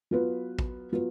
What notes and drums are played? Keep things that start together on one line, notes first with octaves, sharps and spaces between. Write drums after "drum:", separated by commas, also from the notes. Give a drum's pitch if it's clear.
F#3 B3 F4 B4
drum: kick A1
F#3 B3 F4 B4